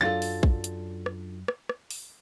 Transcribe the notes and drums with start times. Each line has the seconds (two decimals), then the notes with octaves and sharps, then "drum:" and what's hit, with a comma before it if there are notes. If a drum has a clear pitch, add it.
0.01 F#2 F#3 D4 F4 A4 A6
0.22 drum: open hi-hat
0.43 drum: kick
0.64 drum: hi-hat
1.06 drum: rim click
1.48 drum: rim click
1.69 drum: rim click
1.91 drum: open hi-hat